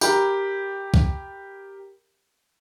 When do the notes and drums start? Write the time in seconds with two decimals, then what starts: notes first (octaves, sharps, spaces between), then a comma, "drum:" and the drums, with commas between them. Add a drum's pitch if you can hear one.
0.01 G4 A#4 B5, drum: tambourine
0.94 drum: kick